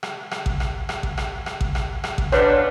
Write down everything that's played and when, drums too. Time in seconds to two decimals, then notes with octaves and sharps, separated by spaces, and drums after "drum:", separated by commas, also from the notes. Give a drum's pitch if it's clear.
0.03 drum: rim click
0.31 drum: rim click
0.46 drum: kick A1
0.60 drum: rim click
0.89 drum: rim click
1.03 drum: kick A1
1.18 drum: rim click
1.46 drum: rim click
1.61 drum: kick A1
1.75 drum: rim click
2.04 drum: rim click
2.18 drum: kick A1
2.32 C#3 B3 D4 B4 C#5, drum: rim click